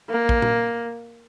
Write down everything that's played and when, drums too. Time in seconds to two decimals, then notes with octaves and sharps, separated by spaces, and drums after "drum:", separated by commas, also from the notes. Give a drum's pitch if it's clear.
0.10 A#3
0.29 drum: kick A#1
0.42 drum: tom A#2